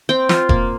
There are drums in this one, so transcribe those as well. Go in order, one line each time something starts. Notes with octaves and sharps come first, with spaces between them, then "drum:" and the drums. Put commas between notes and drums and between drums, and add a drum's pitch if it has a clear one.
C4 G5
F4, drum: snare
A#3, drum: kick E1